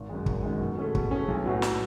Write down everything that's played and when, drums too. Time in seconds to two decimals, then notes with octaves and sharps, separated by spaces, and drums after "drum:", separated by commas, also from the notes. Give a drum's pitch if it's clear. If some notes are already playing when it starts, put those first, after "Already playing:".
Already playing: G#1
0.09 F#2 D#3 G#3
0.26 G#1, drum: kick
0.43 F#2 D#3 G#3
0.60 B2
0.78 A3 C#4 G#4
0.95 B2, drum: kick
1.11 A3 C#4 G#4
1.28 B1
1.45 A2 F#3 B3
1.62 drum: snare